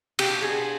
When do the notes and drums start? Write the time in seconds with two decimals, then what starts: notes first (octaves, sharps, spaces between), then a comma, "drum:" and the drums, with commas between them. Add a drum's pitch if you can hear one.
0.19 B2 G4, drum: cymbal
0.42 G#4